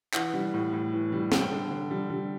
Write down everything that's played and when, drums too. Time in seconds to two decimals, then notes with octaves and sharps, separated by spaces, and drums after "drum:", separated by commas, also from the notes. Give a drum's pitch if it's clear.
0.14 E3 F#5, drum: clap
0.34 G3
0.54 A2
0.73 A2
0.93 E3
1.12 G3
1.32 G3 G5, drum: snare
1.51 D3
1.71 D3
1.91 G3
2.10 G3